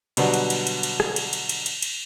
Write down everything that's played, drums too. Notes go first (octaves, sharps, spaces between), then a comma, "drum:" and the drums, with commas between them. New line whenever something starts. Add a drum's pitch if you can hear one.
B2 D3 F#3 G3 B3, drum: cymbal
drum: cymbal
drum: cymbal
drum: cymbal
drum: cymbal
drum: rim click
drum: cymbal
drum: cymbal
drum: cymbal
drum: cymbal
drum: cymbal